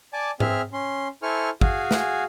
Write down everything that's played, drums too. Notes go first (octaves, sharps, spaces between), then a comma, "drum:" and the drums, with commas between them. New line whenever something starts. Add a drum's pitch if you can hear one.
D5 G#5 A5 D6
C4 G#4 E5 F6, drum: tom G#2
C#4 C6
E4 A4 C5 G#5 C#6 F6
F#4 G#4 F5 G#5, drum: kick
drum: snare